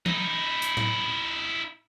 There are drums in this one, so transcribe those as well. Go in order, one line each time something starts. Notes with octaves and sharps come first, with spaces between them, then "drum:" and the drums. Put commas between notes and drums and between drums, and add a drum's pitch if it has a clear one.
D#4 E4, drum: tom E3
drum: hi-hat
drum: tom A2